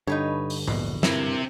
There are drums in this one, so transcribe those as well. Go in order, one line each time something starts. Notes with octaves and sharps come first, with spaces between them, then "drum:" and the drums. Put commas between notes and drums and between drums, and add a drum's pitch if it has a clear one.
G2 D3 D#4 B4 C#5
drum: open hi-hat
A#1 E2 B2, drum: tom G#2
G2 C3 E4 A#4 E5, drum: snare